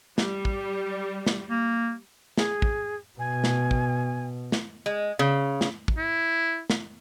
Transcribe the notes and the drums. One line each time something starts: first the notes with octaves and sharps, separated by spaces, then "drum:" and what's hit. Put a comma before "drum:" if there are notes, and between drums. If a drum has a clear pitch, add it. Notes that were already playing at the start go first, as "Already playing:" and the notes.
G3, drum: snare
drum: kick
drum: snare
A#3
G#4, drum: snare
drum: kick
B2 G#5
drum: snare
drum: kick
drum: snare
G#3
C#3
drum: snare
drum: kick
E4
drum: snare